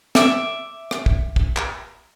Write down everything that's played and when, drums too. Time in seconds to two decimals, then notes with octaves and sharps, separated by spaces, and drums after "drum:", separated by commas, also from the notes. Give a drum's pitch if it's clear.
0.15 E5 D6, drum: snare
0.91 drum: rim click
1.06 drum: kick
1.36 drum: kick
1.56 drum: clap